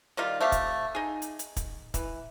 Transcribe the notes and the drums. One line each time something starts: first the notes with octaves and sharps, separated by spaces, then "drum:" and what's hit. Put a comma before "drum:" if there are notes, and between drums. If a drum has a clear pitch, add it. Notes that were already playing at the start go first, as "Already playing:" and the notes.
D#3 G3 D#4 F4
A3 C4 G4 F5
drum: kick, hi-hat
D#4 G#4
drum: hi-hat
drum: hi-hat
drum: kick, hi-hat
E3, drum: kick, hi-hat